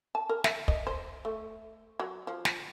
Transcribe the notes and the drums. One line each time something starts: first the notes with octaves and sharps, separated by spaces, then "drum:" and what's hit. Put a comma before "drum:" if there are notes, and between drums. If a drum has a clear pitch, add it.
A5
A#4
E5, drum: snare
D#5, drum: kick
C5
A3
F#3
F3
drum: snare